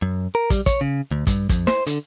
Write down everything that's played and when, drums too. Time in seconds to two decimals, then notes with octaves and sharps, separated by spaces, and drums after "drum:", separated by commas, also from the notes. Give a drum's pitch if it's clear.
0.02 F#2
0.35 A#4
0.50 G3, drum: kick, hi-hat
0.66 C#5, drum: kick, hi-hat
0.81 C#3
1.11 D2
1.27 G2, drum: kick, hi-hat
1.49 F2, drum: kick, hi-hat
1.67 C5, drum: snare
1.87 D3, drum: hi-hat